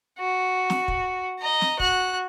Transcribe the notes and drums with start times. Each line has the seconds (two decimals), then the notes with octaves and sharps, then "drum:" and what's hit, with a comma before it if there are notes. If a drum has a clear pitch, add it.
0.18 F#4
0.70 drum: snare
0.88 drum: kick
1.39 D#5 A#5
1.61 drum: snare
1.80 F#4 F#6, drum: kick